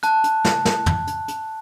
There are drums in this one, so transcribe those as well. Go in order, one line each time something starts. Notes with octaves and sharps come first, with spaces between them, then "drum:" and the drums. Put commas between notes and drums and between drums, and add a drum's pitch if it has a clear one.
A5 F#6, drum: hi-hat
drum: hi-hat
drum: snare
drum: snare
drum: tom
drum: hi-hat
drum: hi-hat